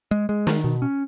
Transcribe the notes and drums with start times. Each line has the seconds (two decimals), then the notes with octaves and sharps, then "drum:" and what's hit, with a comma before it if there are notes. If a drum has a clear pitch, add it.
0.11 G#3
0.29 G#3
0.47 D#3, drum: snare
0.64 B2
0.82 C#4